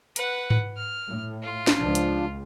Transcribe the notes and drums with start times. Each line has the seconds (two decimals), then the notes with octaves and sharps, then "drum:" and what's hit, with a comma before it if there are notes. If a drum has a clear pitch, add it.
0.16 B4 F#5, drum: hi-hat
0.50 drum: tom G#2
0.77 F6
1.07 A2
1.43 F4
1.67 drum: snare
1.77 C#2 F3 D4
1.95 drum: hi-hat